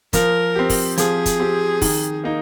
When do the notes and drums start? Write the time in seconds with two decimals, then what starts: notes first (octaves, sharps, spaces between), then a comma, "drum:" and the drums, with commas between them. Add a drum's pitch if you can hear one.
0.13 F3 A#4, drum: kick, hi-hat
0.55 C4 G4
0.70 drum: kick, open hi-hat
0.97 F3 G#4, drum: hi-hat
1.26 drum: kick, hi-hat
1.39 C4 G4
1.82 D#3, drum: kick, open hi-hat
2.24 A#3 D#4